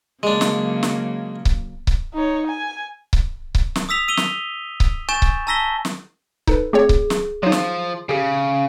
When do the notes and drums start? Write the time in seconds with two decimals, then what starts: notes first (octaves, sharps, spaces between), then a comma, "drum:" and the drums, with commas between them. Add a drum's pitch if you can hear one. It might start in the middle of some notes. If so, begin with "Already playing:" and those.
0.23 C#3 F#3 G#3 A#3 D4
0.41 drum: snare
0.83 drum: snare
1.45 drum: kick C#1
1.87 drum: kick C#1
2.13 D#4 C#5
2.47 G#5
3.13 drum: kick C#1
3.55 drum: kick C#1
3.75 drum: snare
3.89 D#6 E6 B6 F7
4.08 E6 D#7 F7 G7
4.17 drum: snare
4.80 drum: kick C#1
5.09 G#5 C#6 G6 A6 E7
5.22 drum: kick C#1
5.47 A5 A#5 E6 A#6 B6 G7
5.85 drum: snare
6.47 D#4 A4 B4, drum: kick C#1
6.73 A3 C4 G#4 C#5
6.89 drum: kick C#1
7.10 drum: snare
7.43 F3 F#3 D#4
7.52 drum: snare
8.09 C#3 G4 G#4